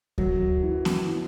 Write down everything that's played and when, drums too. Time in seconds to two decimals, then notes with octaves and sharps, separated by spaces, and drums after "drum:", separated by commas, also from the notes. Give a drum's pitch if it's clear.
0.18 F#2 F#3, drum: kick D2
0.63 E3
0.85 drum: snare B3
1.08 E3